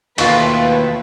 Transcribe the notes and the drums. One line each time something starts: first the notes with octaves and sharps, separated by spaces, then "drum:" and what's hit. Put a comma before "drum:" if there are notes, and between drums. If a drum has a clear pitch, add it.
D#2 B2 A3 F4 B4, drum: cymbal